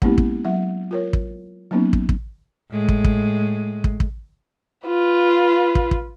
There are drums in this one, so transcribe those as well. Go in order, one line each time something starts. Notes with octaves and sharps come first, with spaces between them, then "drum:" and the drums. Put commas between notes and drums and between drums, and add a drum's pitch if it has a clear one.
G#3 A#3 B3 C#4 E4 G4, drum: kick
drum: kick
F#3 E5 F#5
F4 A#4 C#5
drum: kick
F#3 A#3 B3 C#4 D#4
drum: kick
drum: kick
A2 G#3
drum: kick
drum: kick
drum: kick
drum: kick
F4 B4
drum: kick
drum: kick